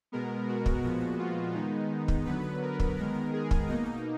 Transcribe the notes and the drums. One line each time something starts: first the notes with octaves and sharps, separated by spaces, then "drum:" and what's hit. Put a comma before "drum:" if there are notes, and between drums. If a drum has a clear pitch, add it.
B2 G#3 B3 A#4
F#4
drum: kick
A#2 F3 G#3 B3
F4
D#3 G#3 B3 D#4
drum: kick
D3 F#3 B3 B4
A#4
drum: kick
D#3 G#3 B3 A#4
G#4
drum: kick
B2 A#3 D#4